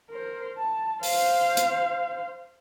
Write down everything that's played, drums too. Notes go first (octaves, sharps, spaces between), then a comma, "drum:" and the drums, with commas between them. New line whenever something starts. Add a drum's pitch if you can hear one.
A#4 C5
A5
C5 F5, drum: open hi-hat
drum: hi-hat